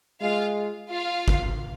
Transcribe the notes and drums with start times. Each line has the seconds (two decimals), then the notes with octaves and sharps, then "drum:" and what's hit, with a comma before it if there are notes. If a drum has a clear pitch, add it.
0.21 G#3 F4 F5
0.92 F4 F5
1.28 drum: kick